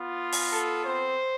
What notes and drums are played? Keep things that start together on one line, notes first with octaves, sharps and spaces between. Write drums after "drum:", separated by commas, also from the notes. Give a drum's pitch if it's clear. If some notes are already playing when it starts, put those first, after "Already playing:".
Already playing: B3 F4
drum: open hi-hat
A4
C4 C5